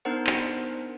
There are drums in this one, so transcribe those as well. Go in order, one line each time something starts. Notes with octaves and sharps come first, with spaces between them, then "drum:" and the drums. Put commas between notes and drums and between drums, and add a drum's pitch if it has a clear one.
B3 D4 D#4 A#4 C5 F#5
drum: clap